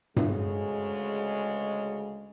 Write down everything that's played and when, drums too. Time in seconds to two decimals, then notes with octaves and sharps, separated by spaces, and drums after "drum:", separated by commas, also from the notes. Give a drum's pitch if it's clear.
0.16 D2 C#3 G#3, drum: tom G2